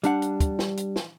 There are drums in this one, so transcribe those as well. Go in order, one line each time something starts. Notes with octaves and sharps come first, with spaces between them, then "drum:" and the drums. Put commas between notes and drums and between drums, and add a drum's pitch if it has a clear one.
G3 D4 F#5, drum: hi-hat
drum: hi-hat
drum: kick, hi-hat
drum: snare
drum: hi-hat
drum: snare